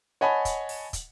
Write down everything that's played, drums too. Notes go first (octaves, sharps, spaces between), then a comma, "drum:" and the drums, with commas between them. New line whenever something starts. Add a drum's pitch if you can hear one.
C#5 D#5 F#5 G#5 A5 B5
drum: kick, hi-hat
drum: open hi-hat
drum: kick, hi-hat